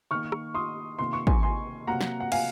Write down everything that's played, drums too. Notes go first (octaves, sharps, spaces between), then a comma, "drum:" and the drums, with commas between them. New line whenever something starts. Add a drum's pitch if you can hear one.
D#3 A#3 C#6 F6
drum: rim click
C6 D#6
C3 D#3 A#3 C6
C#6
G#5 C6, drum: kick
G#5 C6
C3 F#3 A#3 F#5 A#5
drum: snare
F#5
F5 G#5, drum: cymbal